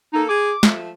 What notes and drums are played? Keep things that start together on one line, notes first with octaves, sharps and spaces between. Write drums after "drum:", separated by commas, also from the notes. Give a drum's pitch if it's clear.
A#3 D#4 A4
G#4 D6
F3 A3, drum: snare